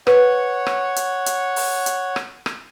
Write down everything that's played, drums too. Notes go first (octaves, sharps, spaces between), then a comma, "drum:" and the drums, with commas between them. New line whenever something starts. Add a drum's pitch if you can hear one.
B4 C#5 F#5, drum: rim click
drum: rim click
drum: hi-hat
drum: hi-hat
drum: open hi-hat
drum: hi-hat
drum: rim click
drum: rim click